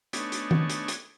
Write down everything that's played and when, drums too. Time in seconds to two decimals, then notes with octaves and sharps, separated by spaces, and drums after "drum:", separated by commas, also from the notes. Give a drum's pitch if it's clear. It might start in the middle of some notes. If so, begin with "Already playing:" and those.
0.13 A3 B3 D4 D#4 C#5 G#5, drum: hi-hat
0.32 drum: hi-hat
0.51 drum: tom D#3
0.70 drum: hi-hat
0.88 drum: hi-hat